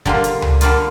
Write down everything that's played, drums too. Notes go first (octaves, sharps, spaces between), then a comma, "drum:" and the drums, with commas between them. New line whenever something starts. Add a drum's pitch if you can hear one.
D3 G3 A#3 F4, drum: kick
drum: hi-hat
drum: tom C#2
D3 G3 A#3 F4, drum: hi-hat